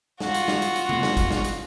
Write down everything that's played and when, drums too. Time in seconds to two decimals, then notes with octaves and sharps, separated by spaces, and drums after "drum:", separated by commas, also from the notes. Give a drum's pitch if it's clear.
0.20 F4 F#4, drum: snare
0.34 drum: hi-hat
0.48 drum: snare
0.62 drum: hi-hat
0.75 drum: hi-hat
0.89 drum: tom C3
1.03 drum: snare
1.17 drum: kick G#1, hi-hat
1.31 drum: snare
1.44 drum: hi-hat